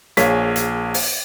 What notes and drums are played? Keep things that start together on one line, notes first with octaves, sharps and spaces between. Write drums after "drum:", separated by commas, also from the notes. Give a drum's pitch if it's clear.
A#1 G#4 C#5 F5 B6, drum: hi-hat
drum: hi-hat
drum: open hi-hat